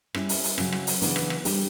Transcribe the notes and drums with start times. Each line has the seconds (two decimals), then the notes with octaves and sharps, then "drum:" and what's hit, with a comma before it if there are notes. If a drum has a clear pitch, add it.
0.14 G3 C#4 E4, drum: rim click
0.29 drum: open hi-hat
0.44 drum: open hi-hat
0.58 C#3 F#3 C#4, drum: rim click
0.72 drum: rim click
0.87 drum: open hi-hat
1.02 C#3 E3 B3 D4, drum: open hi-hat
1.16 drum: rim click
1.30 drum: rim click
1.45 G3 D4 G4, drum: open hi-hat